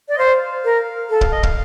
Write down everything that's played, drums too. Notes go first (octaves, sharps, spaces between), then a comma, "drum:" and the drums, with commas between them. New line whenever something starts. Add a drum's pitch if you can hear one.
D5
D#5
C5 F5
A#4
A4
F5, drum: kick
D#5
F5, drum: kick